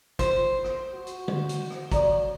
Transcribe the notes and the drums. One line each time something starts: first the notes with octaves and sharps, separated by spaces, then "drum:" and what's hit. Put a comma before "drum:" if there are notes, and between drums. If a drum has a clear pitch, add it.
F4 C5 C6, drum: kick, hi-hat
drum: rim click
F#4
drum: hi-hat
drum: tom
drum: hi-hat
drum: rim click
F#3 A4 D5 A#5, drum: kick, hi-hat